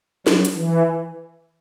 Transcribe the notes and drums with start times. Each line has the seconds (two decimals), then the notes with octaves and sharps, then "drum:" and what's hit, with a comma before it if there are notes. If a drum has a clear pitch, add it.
0.27 F#3, drum: snare
0.45 drum: hi-hat
0.56 E3